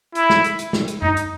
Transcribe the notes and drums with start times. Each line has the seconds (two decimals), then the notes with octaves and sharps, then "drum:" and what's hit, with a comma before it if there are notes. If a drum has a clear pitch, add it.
0.15 E4, drum: hi-hat
0.30 drum: snare
0.44 drum: hi-hat
0.59 drum: hi-hat
0.73 drum: snare
0.88 drum: hi-hat
1.02 D#4, drum: tom F#2
1.17 drum: hi-hat